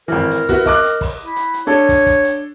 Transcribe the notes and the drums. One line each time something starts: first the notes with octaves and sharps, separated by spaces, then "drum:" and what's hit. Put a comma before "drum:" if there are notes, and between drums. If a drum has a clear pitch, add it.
G#1 E3 A#4
drum: hi-hat
B3 E4 F#4, drum: kick, hi-hat
D#5 D6 F#6, drum: kick, hi-hat
drum: hi-hat
drum: kick, open hi-hat
E4
drum: hi-hat
drum: hi-hat
D4 A4 C#5
drum: kick, hi-hat
drum: kick, hi-hat
drum: hi-hat